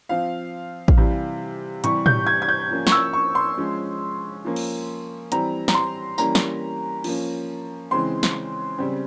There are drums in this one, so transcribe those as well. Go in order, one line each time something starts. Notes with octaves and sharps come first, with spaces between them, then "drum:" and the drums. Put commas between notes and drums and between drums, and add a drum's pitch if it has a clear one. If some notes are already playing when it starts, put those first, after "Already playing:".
F3 C4 F5
drum: kick A1
C3 E3 G3
C3 E3 G3 C#6, drum: hi-hat
G6, drum: tom
G#6
G#6
G6
F3 A#3 C#4
C#6, drum: snare
E6
C#6
C6
F3 G#3 C#4
F3 A#3 C#4
drum: cymbal
E3 G3 C4 A#5, drum: hi-hat
A#5, drum: snare
C6
E3 G3 A#3 C#4 A#5, drum: tambourine
drum: snare
F3 A#3 C#4, drum: cymbal
C#3 E3 G#3 C4 C6
drum: snare
C#3 G3 C4